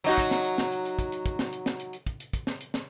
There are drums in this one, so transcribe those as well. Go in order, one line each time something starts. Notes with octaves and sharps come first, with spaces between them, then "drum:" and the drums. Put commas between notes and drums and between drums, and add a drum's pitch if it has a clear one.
F#3 D#4 F#4, drum: hi-hat
drum: kick, hi-hat
drum: snare
drum: hi-hat
drum: snare
drum: hi-hat
drum: hi-hat
drum: kick, hi-hat
drum: hi-hat
drum: kick, hi-hat
drum: snare
drum: hi-hat
drum: snare
drum: hi-hat
drum: hi-hat
drum: kick, hi-hat
drum: hi-hat
drum: kick, hi-hat
drum: snare
drum: hi-hat
drum: snare